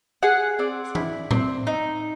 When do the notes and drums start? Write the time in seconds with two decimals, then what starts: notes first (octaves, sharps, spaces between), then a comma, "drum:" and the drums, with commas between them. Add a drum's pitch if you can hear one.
0.23 G#4 F#5
0.59 C4 D5
0.95 E4, drum: tom E3
1.31 C4, drum: tom A2
1.67 D#4